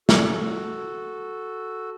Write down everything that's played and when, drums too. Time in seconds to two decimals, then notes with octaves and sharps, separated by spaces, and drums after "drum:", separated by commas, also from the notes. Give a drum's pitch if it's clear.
0.09 F#4 A4, drum: snare